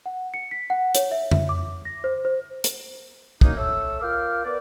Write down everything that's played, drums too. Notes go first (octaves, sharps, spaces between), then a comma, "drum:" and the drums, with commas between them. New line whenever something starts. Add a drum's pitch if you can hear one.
F#5
C#7
B6
F#5
C#5, drum: hi-hat
E5
E5, drum: tom
D6
A#6
C5
C5
drum: hi-hat
F#2 A#3 D#4, drum: kick
A4 C#5 E5 E6
F4 A#4 F5 G5 D6 F6
B3 A#4 B4 D5